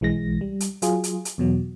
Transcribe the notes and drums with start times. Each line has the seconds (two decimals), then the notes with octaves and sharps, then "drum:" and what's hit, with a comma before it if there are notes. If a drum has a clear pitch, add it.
0.01 B1 E3 G#3 A#6
0.41 G3
0.60 drum: hi-hat
0.82 F#3 F4 G#4, drum: hi-hat
1.04 drum: hi-hat
1.25 drum: hi-hat
1.38 E2 B2 F#3